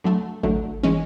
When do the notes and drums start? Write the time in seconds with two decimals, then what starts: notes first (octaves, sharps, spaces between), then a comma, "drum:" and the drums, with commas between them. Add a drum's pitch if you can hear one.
0.04 D3 F#3 A3
0.43 D3 F#3 A3, drum: kick G#1
0.83 E3 G#3 C#4